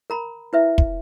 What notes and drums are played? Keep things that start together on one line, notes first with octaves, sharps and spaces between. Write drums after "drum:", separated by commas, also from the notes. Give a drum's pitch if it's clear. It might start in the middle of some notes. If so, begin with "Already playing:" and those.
A#4 A#5 B5
E4 B4 E5
drum: kick